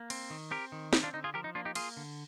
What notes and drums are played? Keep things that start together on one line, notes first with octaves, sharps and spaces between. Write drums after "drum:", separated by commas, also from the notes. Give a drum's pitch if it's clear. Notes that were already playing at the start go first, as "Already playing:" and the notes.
Already playing: A#3
C4, drum: cymbal
D#3
C4 G4 A#4
D#3
C4 D#4 G4, drum: snare
D4 F4
D3 D#4
F4 G#4
F3 G4 A#4
D#4
A#3 D4 F4
D#4 G4
A#3 F4 G#4, drum: cymbal
D3